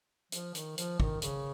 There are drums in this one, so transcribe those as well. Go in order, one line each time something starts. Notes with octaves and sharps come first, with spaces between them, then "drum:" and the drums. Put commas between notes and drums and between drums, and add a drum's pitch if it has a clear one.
F3, drum: hi-hat
D#3, drum: hi-hat
F3, drum: hi-hat
D#3, drum: kick
C#3, drum: hi-hat